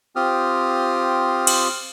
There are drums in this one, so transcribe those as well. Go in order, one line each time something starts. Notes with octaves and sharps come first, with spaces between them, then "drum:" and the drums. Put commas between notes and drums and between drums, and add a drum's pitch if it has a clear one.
C4 F4 G4 D#6 F6
drum: cymbal